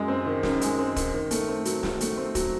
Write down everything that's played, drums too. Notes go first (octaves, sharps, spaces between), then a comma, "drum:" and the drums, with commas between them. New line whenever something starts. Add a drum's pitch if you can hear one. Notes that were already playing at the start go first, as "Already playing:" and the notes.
Already playing: F#2 G#3
C4
D#3
F#2, drum: snare
G#3, drum: hi-hat
C4
D#3, drum: kick, hi-hat
D#3
A3, drum: hi-hat
C4
F#3, drum: hi-hat
D#3, drum: snare
A3, drum: hi-hat
C4
F#3, drum: kick, hi-hat